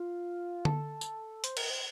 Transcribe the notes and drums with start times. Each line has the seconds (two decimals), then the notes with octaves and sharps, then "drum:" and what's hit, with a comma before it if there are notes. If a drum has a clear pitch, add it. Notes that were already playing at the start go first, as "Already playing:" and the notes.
Already playing: F4
0.65 A4, drum: tom D3
1.01 drum: tambourine
1.44 C5, drum: hi-hat
1.57 A#4, drum: cymbal
1.70 C5